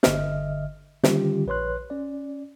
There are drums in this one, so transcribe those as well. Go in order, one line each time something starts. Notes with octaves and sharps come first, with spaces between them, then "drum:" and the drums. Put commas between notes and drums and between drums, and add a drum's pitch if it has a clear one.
G1 D3 D#5 E5 F6, drum: snare
D3 D#3 G3 C#4 F4 G4, drum: snare
A#1 B4 C#5 C6 F#6
C#4 D5